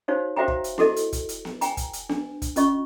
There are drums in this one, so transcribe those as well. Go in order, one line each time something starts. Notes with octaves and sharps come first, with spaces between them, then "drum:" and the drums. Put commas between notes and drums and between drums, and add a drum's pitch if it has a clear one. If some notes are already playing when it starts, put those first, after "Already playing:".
D#4 F#4 C5 C#5 F5
F#4 C5 E5 F5 G5 A#5
drum: kick
drum: hi-hat
E4 F#4 A4 D#5, drum: snare B3
drum: hi-hat
drum: kick, hi-hat
drum: hi-hat
drum: snare B3
G5 G#5 A#5, drum: hi-hat
drum: kick, hi-hat
drum: hi-hat
D4, drum: snare B3
drum: kick, hi-hat
C#4 F4 D#5 C#6, drum: hi-hat